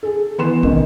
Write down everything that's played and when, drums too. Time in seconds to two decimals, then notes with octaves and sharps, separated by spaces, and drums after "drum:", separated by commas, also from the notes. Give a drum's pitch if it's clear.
0.03 G#4 A4
0.38 E3 B3 C6 E7
0.63 G#1 C3 D#3, drum: kick